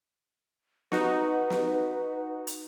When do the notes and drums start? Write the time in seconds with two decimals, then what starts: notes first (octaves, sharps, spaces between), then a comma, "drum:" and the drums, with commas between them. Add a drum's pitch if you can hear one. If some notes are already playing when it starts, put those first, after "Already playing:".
0.92 D#4 F#4 B4, drum: snare
1.50 drum: snare
2.47 drum: hi-hat